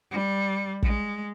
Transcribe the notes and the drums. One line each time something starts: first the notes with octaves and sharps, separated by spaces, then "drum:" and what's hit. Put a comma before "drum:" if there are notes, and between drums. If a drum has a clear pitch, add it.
G3
G#3, drum: kick